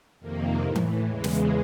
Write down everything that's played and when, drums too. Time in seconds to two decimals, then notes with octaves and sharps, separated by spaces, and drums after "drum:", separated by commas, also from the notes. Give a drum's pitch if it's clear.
0.20 F2 C3 D#3 A#3
0.63 A2 E3
0.76 drum: tom E3
1.07 E2 C#3 E3 G#3
1.24 drum: snare